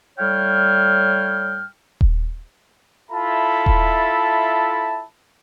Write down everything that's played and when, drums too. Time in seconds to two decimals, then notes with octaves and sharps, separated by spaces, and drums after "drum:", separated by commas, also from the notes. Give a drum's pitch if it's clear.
0.19 A2 G3 C#5 F5 G5 F6
2.01 drum: kick D#1
3.11 E4 F4 A4 E5 A5 B5
3.66 drum: kick D#1